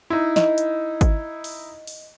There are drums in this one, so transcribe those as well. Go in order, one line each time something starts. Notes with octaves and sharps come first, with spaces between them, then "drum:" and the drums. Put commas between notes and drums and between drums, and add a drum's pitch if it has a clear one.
D#4 E4
D#5, drum: snare
drum: hi-hat
drum: kick G#1, hi-hat
drum: open hi-hat
drum: open hi-hat